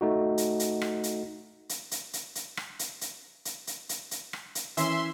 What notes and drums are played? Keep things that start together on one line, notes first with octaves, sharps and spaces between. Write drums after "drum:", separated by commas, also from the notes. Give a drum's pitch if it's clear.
A3 D#4 F#4
drum: hi-hat
drum: hi-hat
drum: rim click
drum: hi-hat
drum: hi-hat
drum: hi-hat
drum: hi-hat
drum: hi-hat
drum: rim click
drum: hi-hat
drum: hi-hat
drum: hi-hat
drum: hi-hat
drum: hi-hat
drum: hi-hat
drum: rim click
drum: hi-hat
E3 C#4 E4 E5 C6, drum: hi-hat